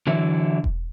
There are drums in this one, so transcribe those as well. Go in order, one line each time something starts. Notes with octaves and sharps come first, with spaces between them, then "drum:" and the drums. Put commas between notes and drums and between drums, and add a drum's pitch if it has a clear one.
D3 E3 F#3 E4
drum: kick E1